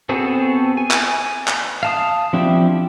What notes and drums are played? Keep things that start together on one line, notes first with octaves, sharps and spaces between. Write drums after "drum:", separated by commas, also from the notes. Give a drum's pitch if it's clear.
B3 C4 F#4 G#4 A4
G#5
drum: clap
drum: clap
F5 A5 D#6
F3 C4 D4 E4 G4